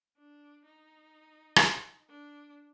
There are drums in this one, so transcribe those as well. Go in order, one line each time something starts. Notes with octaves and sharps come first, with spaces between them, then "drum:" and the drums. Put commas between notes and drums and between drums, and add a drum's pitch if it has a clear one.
D4
D#4
drum: rim click
D4